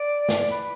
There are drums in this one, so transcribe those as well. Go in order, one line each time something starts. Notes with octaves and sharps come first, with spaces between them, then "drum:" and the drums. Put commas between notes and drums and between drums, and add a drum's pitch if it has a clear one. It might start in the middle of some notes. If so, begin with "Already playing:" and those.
Already playing: D5
drum: snare
B4